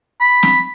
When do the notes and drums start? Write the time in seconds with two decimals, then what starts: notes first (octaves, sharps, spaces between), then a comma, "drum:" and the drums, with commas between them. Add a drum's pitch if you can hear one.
0.21 B5
0.43 drum: snare